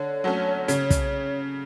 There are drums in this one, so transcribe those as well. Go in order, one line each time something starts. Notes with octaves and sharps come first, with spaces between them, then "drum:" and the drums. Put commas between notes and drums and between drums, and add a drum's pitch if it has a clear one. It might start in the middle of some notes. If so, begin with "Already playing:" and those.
Already playing: D3 C#5
F#3 A3 C#4
C#3, drum: hi-hat
drum: kick, hi-hat